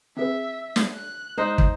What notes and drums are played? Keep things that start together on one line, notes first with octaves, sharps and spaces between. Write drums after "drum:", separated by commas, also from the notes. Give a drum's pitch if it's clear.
C4 G#4 B4 E5
drum: snare
F#6
G#3 D#4 C5
drum: kick